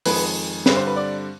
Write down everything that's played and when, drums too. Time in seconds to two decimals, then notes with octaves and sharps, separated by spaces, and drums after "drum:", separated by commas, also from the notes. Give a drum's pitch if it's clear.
0.06 F2 D#3 G#3 B4, drum: open hi-hat
0.66 G2 D3 G3 C4 B4, drum: snare
0.76 C5
0.87 B4
0.96 D5